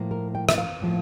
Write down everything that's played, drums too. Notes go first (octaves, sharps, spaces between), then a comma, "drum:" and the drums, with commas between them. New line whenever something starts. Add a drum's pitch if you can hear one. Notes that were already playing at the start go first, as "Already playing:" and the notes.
Already playing: A2 F3 A#3
A#4
G5
E5, drum: rim click
F5
A2 F3 A#3